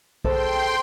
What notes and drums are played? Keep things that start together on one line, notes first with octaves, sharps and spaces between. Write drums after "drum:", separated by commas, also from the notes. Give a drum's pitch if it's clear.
G#4 A4 C5 G5 C6, drum: kick B1